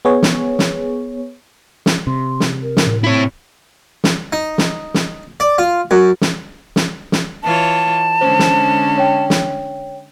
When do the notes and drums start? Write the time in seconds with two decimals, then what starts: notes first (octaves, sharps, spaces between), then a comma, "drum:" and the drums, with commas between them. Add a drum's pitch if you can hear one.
0.05 B3 G#4 C#5
0.23 drum: snare
0.59 drum: snare
1.86 drum: snare
2.07 C3 C6
2.40 drum: snare
2.62 A#4
2.77 drum: snare
2.86 A2
3.04 C4 E4 C#5
4.04 drum: snare
4.33 D#4
4.58 drum: snare
4.94 drum: snare
5.40 D5
5.58 F4
5.91 F#2
6.21 drum: snare
6.76 drum: snare
7.12 drum: snare
7.43 E3 F4 C#5 A5
8.21 D3 G#3 C#4 C5
8.39 drum: snare
8.98 C#5 G5
9.30 drum: snare